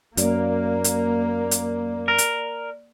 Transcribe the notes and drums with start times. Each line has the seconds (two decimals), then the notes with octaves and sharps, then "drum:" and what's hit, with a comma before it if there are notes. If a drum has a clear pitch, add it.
0.17 F#2 A#3 D5, drum: hi-hat
0.84 drum: hi-hat
1.51 drum: hi-hat
2.08 A#4
2.18 drum: hi-hat